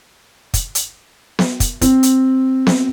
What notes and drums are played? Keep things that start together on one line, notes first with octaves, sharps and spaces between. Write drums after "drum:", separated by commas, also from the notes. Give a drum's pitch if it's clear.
drum: kick, hi-hat
drum: hi-hat
drum: snare B3
drum: kick, hi-hat
C4, drum: kick, hi-hat
drum: hi-hat
drum: snare B3